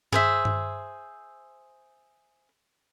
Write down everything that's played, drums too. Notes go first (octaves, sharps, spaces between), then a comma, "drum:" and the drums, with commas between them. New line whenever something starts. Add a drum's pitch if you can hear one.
G#4 C5 E5, drum: tom G2
drum: tom G2